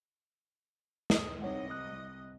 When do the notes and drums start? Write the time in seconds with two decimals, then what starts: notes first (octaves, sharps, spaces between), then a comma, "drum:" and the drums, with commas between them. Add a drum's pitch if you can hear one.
1.10 D#6, drum: snare
1.42 C2 D#4 C#5 D#5 F#5
1.70 D#6 F#6